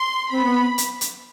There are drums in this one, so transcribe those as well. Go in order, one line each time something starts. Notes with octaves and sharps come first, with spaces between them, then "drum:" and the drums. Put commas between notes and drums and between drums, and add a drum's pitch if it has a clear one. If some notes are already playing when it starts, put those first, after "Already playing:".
Already playing: C6
C4 B5
B3
drum: hi-hat
drum: hi-hat